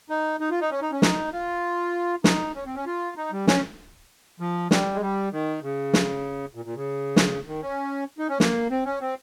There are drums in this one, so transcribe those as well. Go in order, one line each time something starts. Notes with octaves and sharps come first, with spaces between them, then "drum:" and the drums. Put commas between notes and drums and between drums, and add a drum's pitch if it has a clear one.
D#4
D#4
F4
D#4
C#4
D#4
C#4
D#4, drum: snare
F4
D#4, drum: snare
C#4
C4
C#4
F4
D#4
G3
C#4, drum: snare
F3
G3, drum: snare
G#3
G3
D#3
C#3
drum: snare
A#2
A#2
C#3
drum: snare
D#3
C#4
D#4
C#4
A#3, drum: snare
C4
C#4
C4